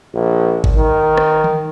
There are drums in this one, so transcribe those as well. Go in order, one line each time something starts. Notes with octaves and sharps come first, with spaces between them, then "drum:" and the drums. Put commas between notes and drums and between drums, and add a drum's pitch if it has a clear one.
A#1
drum: kick G#1
D#3
drum: rim click
drum: tom D#3